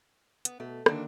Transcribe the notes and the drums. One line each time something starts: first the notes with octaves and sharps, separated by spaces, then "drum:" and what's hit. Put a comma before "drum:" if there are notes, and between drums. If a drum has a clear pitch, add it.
B3, drum: hi-hat
B2 A3
D3 D#3 F#3 A#3 D4, drum: rim click